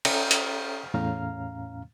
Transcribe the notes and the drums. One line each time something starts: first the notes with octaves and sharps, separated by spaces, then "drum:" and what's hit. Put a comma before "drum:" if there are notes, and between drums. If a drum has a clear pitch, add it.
C#4 A4 C#5 E5 G5 A#5, drum: cymbal
drum: hi-hat
E2 A2 C#4 F5 A#5 F6